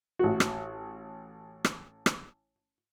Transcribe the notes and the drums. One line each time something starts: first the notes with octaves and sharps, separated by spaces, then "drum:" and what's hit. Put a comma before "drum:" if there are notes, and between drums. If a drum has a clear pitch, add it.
A1 F#4
drum: rim click
drum: rim click
drum: rim click